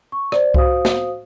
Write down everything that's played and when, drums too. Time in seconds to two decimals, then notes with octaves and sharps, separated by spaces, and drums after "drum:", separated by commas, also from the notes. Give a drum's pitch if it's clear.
0.12 C#6
0.32 C5 D5, drum: rim click
0.54 F#4 C5 F5 D#6, drum: kick C2
0.85 drum: snare